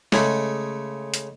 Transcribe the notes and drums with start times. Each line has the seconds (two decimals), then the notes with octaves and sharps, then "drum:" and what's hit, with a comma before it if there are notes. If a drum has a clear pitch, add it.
0.12 C#3 G#3 A3, drum: snare
1.14 drum: hi-hat